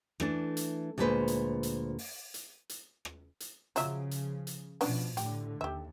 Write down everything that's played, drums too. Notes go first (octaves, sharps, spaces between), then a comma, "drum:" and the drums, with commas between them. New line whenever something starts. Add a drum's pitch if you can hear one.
E3 A3 D4, drum: rim click
drum: hi-hat
D2 A#2 G#3 D4 B4 C5
drum: hi-hat
drum: hi-hat
drum: open hi-hat
drum: hi-hat
drum: hi-hat
drum: rim click
drum: hi-hat
C#3 F3 F#3 F4 E5, drum: hi-hat
drum: hi-hat
drum: hi-hat
B2 F3 B3 C#4 D4, drum: open hi-hat
A2 D3 G4, drum: hi-hat
D#2 G4 E5